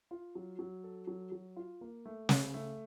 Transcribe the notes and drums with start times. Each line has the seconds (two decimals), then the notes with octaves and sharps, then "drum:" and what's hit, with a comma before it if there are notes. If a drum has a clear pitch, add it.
0.11 F4
0.35 F#3
0.59 F#3
0.84 A4
1.07 F#3
1.32 F#3
1.56 F4
1.81 A#3
2.06 A3
2.29 C#3, drum: snare
2.54 A3